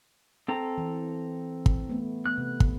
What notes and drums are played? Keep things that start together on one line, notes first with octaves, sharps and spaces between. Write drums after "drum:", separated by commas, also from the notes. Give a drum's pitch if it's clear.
C4 A4 A#5
E3
drum: kick
A3 B3
B3 F#6
C3
drum: kick